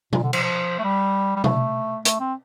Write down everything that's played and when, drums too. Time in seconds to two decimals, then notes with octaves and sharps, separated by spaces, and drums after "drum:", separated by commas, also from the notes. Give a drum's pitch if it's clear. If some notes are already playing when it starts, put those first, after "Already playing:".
0.13 A#2, drum: tom B2
0.23 D3
0.33 F3, drum: cymbal
0.43 F3
0.79 A3
0.84 G3
1.36 G3
1.44 A3, drum: tom B2
2.05 A3, drum: hi-hat
2.20 C4